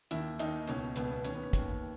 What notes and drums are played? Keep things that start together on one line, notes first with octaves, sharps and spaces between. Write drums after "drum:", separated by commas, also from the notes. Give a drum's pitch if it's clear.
D#2 D#3 E4, drum: hi-hat
D#2 D#3 D#4, drum: hi-hat
C#2 B2 C#4, drum: hi-hat
C#2 B2 B3, drum: hi-hat
B3
D#2 D#3 C#4, drum: hi-hat
B3
C#4
D#2 D#3, drum: kick, hi-hat